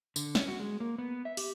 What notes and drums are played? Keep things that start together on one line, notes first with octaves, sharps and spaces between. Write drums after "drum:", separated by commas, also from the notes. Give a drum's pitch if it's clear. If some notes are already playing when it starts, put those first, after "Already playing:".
D3, drum: tambourine
C#4, drum: snare
F#4
G#3
A#3
B3
E5
G4, drum: open hi-hat